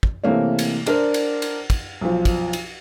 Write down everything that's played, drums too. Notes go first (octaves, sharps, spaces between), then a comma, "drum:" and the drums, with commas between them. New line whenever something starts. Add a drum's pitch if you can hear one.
drum: kick
C3 E3 A3 A#3 C#5
drum: cymbal
D4 A#4 C5 D5, drum: cymbal
drum: cymbal
drum: cymbal
drum: kick, cymbal
B1 F3
drum: kick, cymbal
drum: cymbal